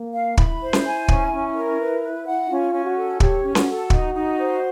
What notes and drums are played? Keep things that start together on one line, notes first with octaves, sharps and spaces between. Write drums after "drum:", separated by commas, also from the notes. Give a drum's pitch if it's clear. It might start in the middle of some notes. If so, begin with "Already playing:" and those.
Already playing: A#3
F5
E4 B5, drum: kick
C5
drum: snare C#4
G#5
C#4, drum: kick
C#4
A#4
B4
B4
F#5
C#4 F4
C#4
F#4
A4
G4 C#5, drum: kick
C#4
F#4, drum: snare C#4
A4
D#4, drum: kick
D#4
C5